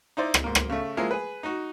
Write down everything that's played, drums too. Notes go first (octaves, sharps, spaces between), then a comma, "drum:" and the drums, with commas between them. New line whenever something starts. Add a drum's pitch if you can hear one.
D#4 E4 C5 D5
drum: rim click
G#2 A#3
drum: rim click
C#3 A3
F3 G#3 A#3 E4
G#4 B4
D#4 F#4